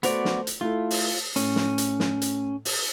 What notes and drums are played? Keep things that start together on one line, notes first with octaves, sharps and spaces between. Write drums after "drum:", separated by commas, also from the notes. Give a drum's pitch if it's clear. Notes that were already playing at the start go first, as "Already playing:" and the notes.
A3 B3 F#4 C5 D5 F7, drum: hi-hat
drum: snare
drum: hi-hat
A3 E4 F4
drum: open hi-hat
A2 C#4, drum: hi-hat
drum: snare
drum: hi-hat
drum: snare
drum: hi-hat
drum: open hi-hat